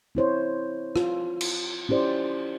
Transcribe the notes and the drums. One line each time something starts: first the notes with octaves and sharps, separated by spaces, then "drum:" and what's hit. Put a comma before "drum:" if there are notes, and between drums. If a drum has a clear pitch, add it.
C4 E4 C5 C#5
F4, drum: rim click
drum: cymbal
C#4 E4 G4 C5 D5